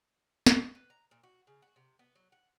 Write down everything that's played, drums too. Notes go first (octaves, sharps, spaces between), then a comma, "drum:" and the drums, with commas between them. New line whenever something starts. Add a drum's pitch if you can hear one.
drum: snare
B4
A#5
A#2
F#4
C#3
F#4
C3
B3
F#3
F#5